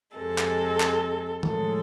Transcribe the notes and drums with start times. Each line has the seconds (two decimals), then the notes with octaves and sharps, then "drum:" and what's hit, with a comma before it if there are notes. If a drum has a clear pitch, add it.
0.17 F2 C3 G#3 A4
0.38 drum: clap
0.80 drum: clap
1.43 A2 F3 G#3 A4, drum: tom D#3